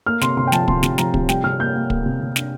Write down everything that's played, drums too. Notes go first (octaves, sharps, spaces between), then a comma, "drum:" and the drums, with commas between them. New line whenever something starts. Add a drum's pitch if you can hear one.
A#3 F6
C3 C6, drum: snare
C3 C6
G5
F3 A5, drum: snare
C3 C6, drum: kick
C3, drum: snare
F3 A#5, drum: snare
C3, drum: kick
G3 G5, drum: snare
C3 F6
A#3 G6
A#3
A#3, drum: kick
C3
C3
D4, drum: snare